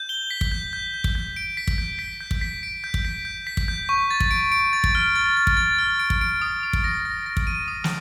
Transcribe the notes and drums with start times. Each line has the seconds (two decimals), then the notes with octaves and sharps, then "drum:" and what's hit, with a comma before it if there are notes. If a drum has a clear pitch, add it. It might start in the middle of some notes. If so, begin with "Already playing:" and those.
Already playing: G6
0.09 G7
0.31 B6
0.41 drum: kick
0.51 G6
0.73 G6
0.94 G6
1.04 drum: kick
1.15 G6
1.36 D7
1.57 B6
1.68 drum: kick
1.78 G6
1.99 B6
2.21 G6
2.31 drum: kick
2.41 B6
2.63 D7
2.84 G6
2.94 drum: kick
3.05 B6
3.25 G6
3.47 B6
3.57 drum: kick
3.68 G6
3.89 C#6
4.11 A6
4.20 drum: kick
4.31 D7
4.52 D7
4.73 A6
4.84 drum: kick
4.95 F6
5.16 A6
5.37 A6
5.47 drum: kick
5.57 A6
5.78 F6
5.99 D7
6.10 drum: kick
6.21 D7
6.42 D#6
6.63 D#6
6.73 drum: kick
6.84 A#6
7.05 A#6
7.26 A#6
7.37 drum: kick
7.47 D#7
7.68 D#6
7.84 drum: snare